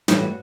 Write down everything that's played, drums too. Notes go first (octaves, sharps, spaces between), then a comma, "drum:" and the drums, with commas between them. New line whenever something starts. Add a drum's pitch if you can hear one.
A2 E3 G3 G4, drum: snare
F#4